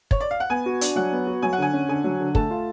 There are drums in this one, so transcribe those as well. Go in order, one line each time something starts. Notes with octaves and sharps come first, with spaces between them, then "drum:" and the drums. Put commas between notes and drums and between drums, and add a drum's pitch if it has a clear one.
C#5, drum: kick
D5
F5
F#5
B3 G#5
F#4
D4, drum: hi-hat
F#3 F#5
B3
F#4
F#3 G#5
F#5
D3 G#5
C#4
D3 G#5
F#3
D3
A3 A5, drum: kick
F4